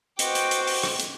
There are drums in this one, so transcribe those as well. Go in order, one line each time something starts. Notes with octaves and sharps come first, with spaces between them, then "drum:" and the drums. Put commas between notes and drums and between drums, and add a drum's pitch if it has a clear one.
F#4 B4 C5 D#5 G5 D6 C#7, drum: hi-hat
drum: hi-hat
drum: hi-hat
drum: open hi-hat
drum: rim click
drum: hi-hat